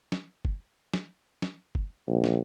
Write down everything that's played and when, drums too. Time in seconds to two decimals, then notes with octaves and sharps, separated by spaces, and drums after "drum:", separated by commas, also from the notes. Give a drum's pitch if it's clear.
0.12 drum: snare
0.45 drum: kick
0.94 drum: snare
1.42 drum: snare
1.75 drum: kick
2.08 A#1
2.24 drum: snare